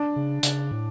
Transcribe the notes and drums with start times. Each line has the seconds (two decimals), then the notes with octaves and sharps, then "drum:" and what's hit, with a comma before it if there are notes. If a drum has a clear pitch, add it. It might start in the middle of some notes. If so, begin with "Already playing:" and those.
Already playing: D4
0.16 C#3
0.43 C#3, drum: hi-hat
0.71 A2